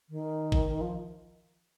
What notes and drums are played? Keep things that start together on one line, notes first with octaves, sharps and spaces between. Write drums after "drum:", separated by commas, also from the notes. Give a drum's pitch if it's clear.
D#3
drum: kick G#1
F3